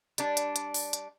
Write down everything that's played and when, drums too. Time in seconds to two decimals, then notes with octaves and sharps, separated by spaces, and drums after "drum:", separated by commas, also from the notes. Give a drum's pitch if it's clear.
0.18 G3 D4, drum: hi-hat
0.37 drum: hi-hat
0.56 drum: hi-hat
0.74 drum: open hi-hat
0.93 drum: hi-hat